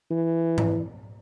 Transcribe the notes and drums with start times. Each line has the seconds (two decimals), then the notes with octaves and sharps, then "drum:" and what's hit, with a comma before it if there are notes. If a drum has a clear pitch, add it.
0.11 E3
0.58 drum: tom G#2